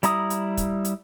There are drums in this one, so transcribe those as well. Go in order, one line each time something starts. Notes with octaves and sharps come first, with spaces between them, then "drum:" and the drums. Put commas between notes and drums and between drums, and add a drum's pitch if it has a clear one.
G3 E4 A#5 D#6, drum: hi-hat
drum: hi-hat
drum: kick, hi-hat
drum: hi-hat